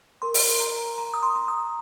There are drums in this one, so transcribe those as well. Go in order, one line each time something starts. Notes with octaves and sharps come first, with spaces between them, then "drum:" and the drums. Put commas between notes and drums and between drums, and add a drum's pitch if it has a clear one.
A#4 C6
drum: open hi-hat
A#5
A#5
D#6
C6
A#5
D#6